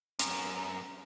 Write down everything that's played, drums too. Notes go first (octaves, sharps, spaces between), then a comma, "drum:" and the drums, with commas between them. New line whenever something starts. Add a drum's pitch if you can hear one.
F#2, drum: hi-hat